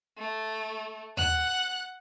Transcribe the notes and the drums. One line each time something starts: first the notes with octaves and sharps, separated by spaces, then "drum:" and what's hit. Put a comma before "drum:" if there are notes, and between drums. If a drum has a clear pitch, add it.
A3
F#5 F#6, drum: tom D#2